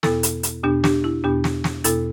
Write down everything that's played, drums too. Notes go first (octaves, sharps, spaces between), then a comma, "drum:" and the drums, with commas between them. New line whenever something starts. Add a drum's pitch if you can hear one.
E2 B2 B3 E4 A4, drum: snare
drum: hi-hat
drum: hi-hat
E2 B2 B3 D4 G4
D4 G4, drum: snare
E4
E2 B2 B3 D4 G4
drum: snare
drum: snare
E2 B2 B3 E4 A4, drum: hi-hat